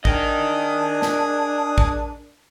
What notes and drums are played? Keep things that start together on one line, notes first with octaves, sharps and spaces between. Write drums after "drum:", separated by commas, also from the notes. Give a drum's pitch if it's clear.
D4 G#4 A#4 D#5 D#6, drum: kick
drum: snare
drum: kick